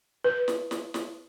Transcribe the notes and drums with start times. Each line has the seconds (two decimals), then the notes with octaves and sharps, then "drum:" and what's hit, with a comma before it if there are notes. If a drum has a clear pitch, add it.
0.24 B4
0.48 drum: snare
0.71 drum: snare
0.94 drum: snare